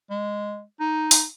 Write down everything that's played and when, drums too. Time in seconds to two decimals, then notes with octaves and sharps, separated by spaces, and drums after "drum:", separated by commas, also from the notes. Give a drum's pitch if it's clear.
0.10 G#3
0.80 D#4
1.11 drum: open hi-hat